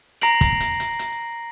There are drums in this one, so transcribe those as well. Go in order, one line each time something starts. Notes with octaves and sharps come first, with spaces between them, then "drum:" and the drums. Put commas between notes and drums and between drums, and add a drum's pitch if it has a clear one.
A#5 A#6 C7 D7 F#7, drum: hi-hat
drum: kick, hi-hat
drum: hi-hat
drum: hi-hat
drum: hi-hat